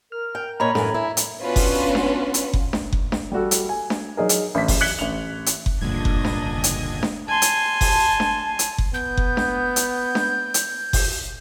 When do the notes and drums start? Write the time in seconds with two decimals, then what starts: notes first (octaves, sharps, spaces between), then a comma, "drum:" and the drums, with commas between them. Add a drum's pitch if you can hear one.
0.12 A#4 F6
0.35 G5
0.60 A#2 C#5 D#5 A#5 B5
0.75 F#2 A2 E3 A4 G#5, drum: snare D4
0.94 E4 E5 G#5
1.17 drum: hi-hat
1.42 B3 C#4 D4 F4 F#4 B4
1.56 drum: kick F#1, open hi-hat
1.95 drum: snare D4
2.34 drum: hi-hat
2.53 drum: kick F#1
2.73 drum: snare D4
2.93 drum: kick F#1
3.12 drum: snare D4
3.32 G3 A3 F#4 A4
3.51 drum: hi-hat
3.69 G#5
3.90 drum: snare D4
4.17 F#3 D#4 G#4 A#4
4.29 drum: hi-hat
4.55 A1 B6
4.68 drum: kick F#1, open hi-hat
4.81 F#6 G#6 B6 C#7 F#7 G7
4.99 A1 F7
5.46 drum: hi-hat
5.66 drum: kick F#1
5.81 F1 C#2 G2 A#2 D3 D4 D#5 G#6
6.05 drum: kick F#1
6.25 drum: snare D4
6.64 drum: hi-hat
7.03 drum: snare D4
7.28 G#5 A5 C6
7.42 drum: hi-hat
7.81 drum: kick F#1, open hi-hat
8.20 drum: snare D4
8.59 drum: hi-hat
8.78 drum: kick F#1
8.94 B3 G6
9.17 drum: kick F#1
9.37 drum: snare D4
9.76 drum: hi-hat
10.15 drum: snare D4
10.54 drum: hi-hat
10.93 drum: kick F#1, open hi-hat